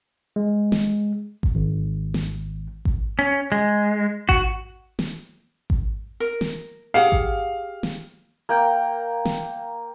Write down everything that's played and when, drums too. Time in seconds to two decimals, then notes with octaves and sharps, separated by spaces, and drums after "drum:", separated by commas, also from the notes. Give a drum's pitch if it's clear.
0.36 G#3
0.72 drum: snare
1.43 drum: kick G#1
1.55 G#1
2.14 drum: snare
2.85 drum: kick G#1
3.19 C#4
3.52 G#3
4.29 F#4, drum: kick G#1
4.99 drum: snare
5.70 drum: kick G#1
6.20 A#4
6.41 drum: snare
6.94 G4 G#4 F5 F#5
7.12 drum: kick G#1
7.83 drum: snare
8.49 A#3 G5
9.25 drum: snare